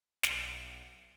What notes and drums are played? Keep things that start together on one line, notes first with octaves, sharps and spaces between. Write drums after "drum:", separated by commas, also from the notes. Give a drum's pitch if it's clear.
B1, drum: snare